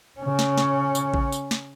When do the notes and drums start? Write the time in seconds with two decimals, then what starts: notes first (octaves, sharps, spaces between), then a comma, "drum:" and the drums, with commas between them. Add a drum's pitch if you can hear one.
0.20 C#3 C#4
0.39 drum: snare
0.58 drum: snare
0.95 drum: tambourine
1.14 drum: kick A1
1.32 drum: tambourine
1.51 drum: snare